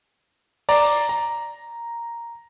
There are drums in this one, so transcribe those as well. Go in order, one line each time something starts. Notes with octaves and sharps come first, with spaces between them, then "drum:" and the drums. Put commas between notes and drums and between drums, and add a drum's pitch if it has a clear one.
D5 A#5, drum: open hi-hat
A#5